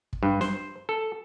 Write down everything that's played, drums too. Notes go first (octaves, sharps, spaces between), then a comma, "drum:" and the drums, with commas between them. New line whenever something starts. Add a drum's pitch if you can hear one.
drum: kick
G2
C5, drum: snare
A4